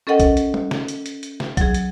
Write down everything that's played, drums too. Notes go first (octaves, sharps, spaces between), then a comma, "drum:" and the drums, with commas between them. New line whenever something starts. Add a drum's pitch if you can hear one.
C#4 A4 A#4 D#5 F#5 G5
drum: kick B1, hi-hat
drum: hi-hat
drum: tom
drum: snare
drum: hi-hat
drum: hi-hat
drum: hi-hat
drum: snare
F#3 G#4, drum: kick B1, hi-hat
drum: hi-hat